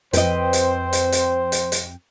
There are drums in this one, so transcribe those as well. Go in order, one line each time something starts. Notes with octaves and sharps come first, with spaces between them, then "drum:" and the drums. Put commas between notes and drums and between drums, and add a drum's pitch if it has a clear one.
F2 C4 B4 C5 D#5 G5, drum: hi-hat
drum: hi-hat
drum: hi-hat
drum: hi-hat
drum: hi-hat
drum: hi-hat